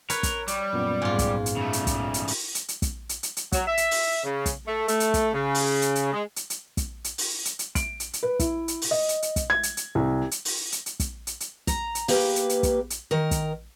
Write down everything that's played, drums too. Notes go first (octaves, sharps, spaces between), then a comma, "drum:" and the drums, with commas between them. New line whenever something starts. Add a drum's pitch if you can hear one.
A#4 B4 C#5, drum: hi-hat
drum: kick, hi-hat
G3, drum: hi-hat
F#2 A#2 B3
G#2 F4
drum: kick, hi-hat
drum: hi-hat
C#3 A3
drum: hi-hat
drum: kick, hi-hat
drum: hi-hat
drum: open hi-hat
drum: hi-hat
drum: hi-hat
drum: kick, hi-hat
drum: hi-hat
drum: hi-hat
drum: hi-hat
F#3, drum: kick, hi-hat
E5
drum: hi-hat
drum: open hi-hat
C#3
drum: kick, hi-hat
A3
A3, drum: hi-hat
drum: hi-hat
drum: kick, hi-hat
C#3
drum: open hi-hat
drum: hi-hat
drum: hi-hat
G#3
drum: hi-hat
drum: hi-hat
drum: kick, hi-hat
drum: hi-hat
drum: open hi-hat
drum: hi-hat
drum: hi-hat
D7, drum: kick, hi-hat
drum: hi-hat
drum: hi-hat
B4
E4, drum: kick, hi-hat
drum: hi-hat
drum: open hi-hat
D#5
drum: hi-hat
drum: hi-hat
drum: kick, hi-hat
G#6
drum: hi-hat
drum: hi-hat
C2
drum: hi-hat
drum: open hi-hat
drum: hi-hat
drum: hi-hat
drum: kick, hi-hat
drum: hi-hat
drum: hi-hat
A#5, drum: kick, hi-hat
drum: hi-hat
A#3 G4 B4, drum: open hi-hat
drum: hi-hat
drum: hi-hat
drum: kick, hi-hat
drum: hi-hat
D#3 A#4
drum: kick, hi-hat